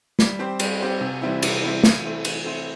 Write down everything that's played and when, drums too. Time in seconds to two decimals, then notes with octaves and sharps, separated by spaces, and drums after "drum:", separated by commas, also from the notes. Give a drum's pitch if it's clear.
0.19 G3, drum: snare
0.39 C4 G4 C5
0.59 G3, drum: cymbal
0.80 C4 G4 C5
1.01 C3
1.21 E3 G3 C4 E4
1.42 C3, drum: cymbal
1.62 E3 G3 C4 E4
1.83 E3, drum: snare
2.04 A3 C4 E4
2.25 E3, drum: cymbal
2.45 A3 C4 E4